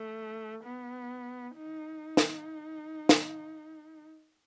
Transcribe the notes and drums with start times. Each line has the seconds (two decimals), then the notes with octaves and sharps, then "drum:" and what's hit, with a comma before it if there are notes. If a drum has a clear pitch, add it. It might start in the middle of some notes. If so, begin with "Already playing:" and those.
Already playing: A3
0.64 B3
1.56 D#4
2.17 drum: snare
3.09 drum: snare